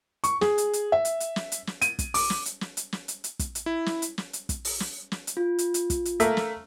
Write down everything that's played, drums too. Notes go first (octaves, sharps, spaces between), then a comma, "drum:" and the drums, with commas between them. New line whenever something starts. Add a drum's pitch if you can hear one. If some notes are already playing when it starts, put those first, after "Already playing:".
C#6, drum: hi-hat
G#4, drum: snare
drum: hi-hat
drum: hi-hat
E5
drum: hi-hat
drum: hi-hat
drum: snare
drum: hi-hat
drum: snare
D#7, drum: hi-hat
drum: kick, hi-hat
D6, drum: open hi-hat
drum: snare
drum: hi-hat
drum: snare
drum: hi-hat
drum: snare
drum: hi-hat
drum: hi-hat
drum: kick, hi-hat
drum: hi-hat
E4
drum: snare
drum: hi-hat
drum: snare
drum: hi-hat
drum: kick, hi-hat
drum: open hi-hat
drum: snare
drum: snare
drum: hi-hat
F4
drum: hi-hat
drum: hi-hat
drum: kick, hi-hat
drum: hi-hat
A3 A#3 E5, drum: hi-hat
drum: snare